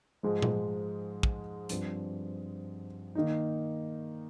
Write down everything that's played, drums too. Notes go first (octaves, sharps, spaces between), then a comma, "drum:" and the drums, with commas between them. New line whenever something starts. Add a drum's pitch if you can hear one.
G#2 F3 G#3
drum: tom A#2
drum: kick
G2 F3 C4, drum: hi-hat
D#3 A#3 D#4